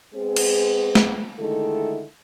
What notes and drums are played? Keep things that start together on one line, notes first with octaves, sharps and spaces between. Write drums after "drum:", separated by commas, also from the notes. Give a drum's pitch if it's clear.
G#3 B3 C4 G#4
drum: cymbal
drum: snare
D3 D#3 G#3 A3 E4 A4